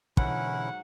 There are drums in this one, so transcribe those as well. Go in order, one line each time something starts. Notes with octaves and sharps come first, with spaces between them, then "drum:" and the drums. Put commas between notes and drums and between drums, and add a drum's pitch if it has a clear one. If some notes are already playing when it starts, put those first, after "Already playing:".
G#2 B2 D3 E3 F#3 C#4 E4 F#5, drum: kick